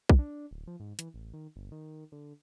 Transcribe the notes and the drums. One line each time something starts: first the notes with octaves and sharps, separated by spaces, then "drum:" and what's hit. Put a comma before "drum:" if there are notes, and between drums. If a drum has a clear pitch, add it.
drum: kick
D4
D1
F3
G#2
E3, drum: hi-hat
A1
D#3
G1
D#3
D3